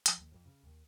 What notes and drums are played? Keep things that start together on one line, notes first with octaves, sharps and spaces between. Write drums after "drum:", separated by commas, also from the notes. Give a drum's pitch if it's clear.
F3, drum: hi-hat
D#2
F2
C#3
D#2